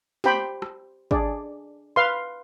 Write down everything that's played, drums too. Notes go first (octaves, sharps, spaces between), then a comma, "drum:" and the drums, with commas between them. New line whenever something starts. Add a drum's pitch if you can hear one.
G4 C5 G5 B5, drum: snare
drum: rim click
D4 G#4 D5, drum: kick
B4 F5 C6